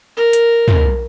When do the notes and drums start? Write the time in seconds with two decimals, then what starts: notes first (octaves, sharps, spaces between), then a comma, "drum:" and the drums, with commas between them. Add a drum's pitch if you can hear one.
0.17 A#4
0.33 drum: hi-hat
0.68 drum: tom